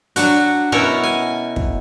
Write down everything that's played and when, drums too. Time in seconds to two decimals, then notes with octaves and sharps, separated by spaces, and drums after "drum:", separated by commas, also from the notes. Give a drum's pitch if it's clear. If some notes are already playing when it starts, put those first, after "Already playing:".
0.16 F#3 D4 F#4, drum: hi-hat
0.72 B2 C#4 E4 A#4 C#5
1.03 G#5
1.56 drum: kick